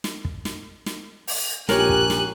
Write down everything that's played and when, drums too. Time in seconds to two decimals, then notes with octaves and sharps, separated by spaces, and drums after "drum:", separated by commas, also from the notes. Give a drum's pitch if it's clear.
0.04 drum: snare
0.25 drum: kick
0.45 drum: snare
0.86 drum: snare
1.28 drum: open hi-hat
1.69 A#1 G4 A#4 C#5 G#5 F#6, drum: snare
1.89 drum: kick
2.10 drum: snare